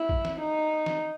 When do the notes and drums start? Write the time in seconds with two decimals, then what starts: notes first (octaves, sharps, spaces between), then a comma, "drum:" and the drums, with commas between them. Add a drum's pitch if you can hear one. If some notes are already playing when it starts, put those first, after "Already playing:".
Already playing: E4
0.09 drum: kick A1
0.25 drum: snare
0.40 D#4
0.86 drum: snare